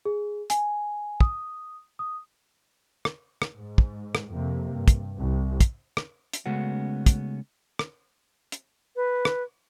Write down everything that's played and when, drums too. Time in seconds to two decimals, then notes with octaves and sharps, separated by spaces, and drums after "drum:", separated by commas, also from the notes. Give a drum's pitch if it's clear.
0.05 G#4
0.50 G#5, drum: hi-hat
1.20 D#6, drum: kick
1.99 D#6
3.05 drum: rim click
3.42 drum: rim click
3.55 G#2
3.78 drum: kick
4.15 drum: rim click
4.32 F2 C3 A#3
4.73 G2
4.88 drum: kick, hi-hat
5.19 C2
5.61 drum: kick, hi-hat
5.97 drum: rim click
6.33 drum: hi-hat
6.46 C#3 G#3 A3 B3 C#4 F#4
7.06 drum: kick, hi-hat
7.79 drum: rim click
8.52 drum: hi-hat
8.96 B4
9.25 drum: rim click